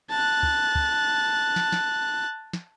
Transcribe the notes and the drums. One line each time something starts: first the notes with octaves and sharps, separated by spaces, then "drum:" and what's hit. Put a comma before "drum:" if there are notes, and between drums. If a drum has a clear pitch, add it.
A5 F#6
drum: kick
drum: kick
drum: snare
drum: snare
drum: snare